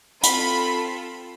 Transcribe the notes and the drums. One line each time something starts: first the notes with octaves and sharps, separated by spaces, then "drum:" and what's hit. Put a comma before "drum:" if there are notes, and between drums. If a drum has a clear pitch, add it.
C4 F4 A4 B5, drum: hi-hat